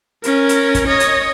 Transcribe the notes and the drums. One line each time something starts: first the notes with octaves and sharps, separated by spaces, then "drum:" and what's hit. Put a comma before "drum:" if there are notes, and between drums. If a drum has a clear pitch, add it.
C#4 A#4, drum: hi-hat
drum: hi-hat
drum: kick, hi-hat
C#5 D#5
drum: hi-hat